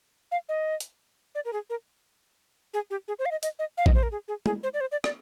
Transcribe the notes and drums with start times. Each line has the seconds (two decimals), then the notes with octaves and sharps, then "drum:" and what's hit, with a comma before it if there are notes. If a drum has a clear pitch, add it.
0.32 F5
0.49 D#5
0.80 drum: hi-hat
1.35 D5
1.45 A#4
1.53 G#4
1.70 A#4
2.74 G#4
2.90 G4
3.08 G#4
3.19 C5
3.26 F5
3.31 D#5
3.43 D#5, drum: hi-hat
3.59 D#5
3.78 F5
3.86 D#5, drum: kick
3.94 C5
4.03 A#4
4.12 G#4
4.28 G#4
4.46 G#4, drum: tom G#3
4.63 C5
4.74 D5
4.81 C5
4.92 D5
5.04 D5, drum: rim click